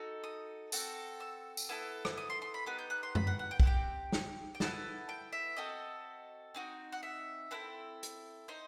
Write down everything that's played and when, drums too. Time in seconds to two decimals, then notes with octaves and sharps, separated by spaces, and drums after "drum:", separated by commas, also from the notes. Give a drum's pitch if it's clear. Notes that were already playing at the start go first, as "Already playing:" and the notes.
Already playing: D#4 F#4 A4
0.24 D#6
0.72 C4 F#4 A4, drum: tambourine
1.20 E6
1.57 drum: tambourine
1.69 B3 E4 A4 E6
2.05 drum: rim click
2.17 D#6
2.30 C6
2.42 C6
2.54 B5
2.66 B3 D#4 G4 F#6
2.79 G6
2.90 F#6
3.03 C6
3.15 B5, drum: tom F#2
3.27 F#5
3.39 F#5
3.51 G5
3.60 F#5, drum: kick
3.63 C4 D#4 G4 G5
4.12 drum: snare
4.55 G5
4.60 B3 E4 A4 A5, drum: snare
5.09 G5
5.33 E5
5.57 C4 F#4 A4 D#5
6.54 C4 D#4 F#4
6.92 F#5
7.03 E5
7.51 C4 E4 A4 B4
8.03 drum: hi-hat
8.48 D#4 C5